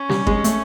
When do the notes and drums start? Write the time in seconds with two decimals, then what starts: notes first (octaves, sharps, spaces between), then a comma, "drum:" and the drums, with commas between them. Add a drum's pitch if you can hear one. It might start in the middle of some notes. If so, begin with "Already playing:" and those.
Already playing: C#4
0.09 G3, drum: snare
0.27 G#3, drum: kick G1
0.44 A3, drum: hi-hat